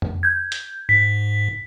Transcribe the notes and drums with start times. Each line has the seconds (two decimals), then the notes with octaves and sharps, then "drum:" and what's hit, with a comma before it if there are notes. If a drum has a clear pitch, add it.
0.02 drum: tom F2
0.23 G6 G#6
0.52 drum: hi-hat
0.89 G#2 B6